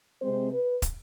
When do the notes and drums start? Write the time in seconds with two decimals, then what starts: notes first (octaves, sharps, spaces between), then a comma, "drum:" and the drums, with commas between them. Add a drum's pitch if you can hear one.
0.22 C3 G#3 C4 C5
0.52 B4
0.82 drum: kick, hi-hat